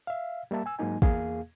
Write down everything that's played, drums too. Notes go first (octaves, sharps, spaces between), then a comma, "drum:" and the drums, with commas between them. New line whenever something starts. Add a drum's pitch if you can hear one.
E5 F5
G3 A#3 E5 A5
G#5 E6
G#2 F#3 G#3 A#3 D#4 G#5
E2 A#3 G#4 F5, drum: kick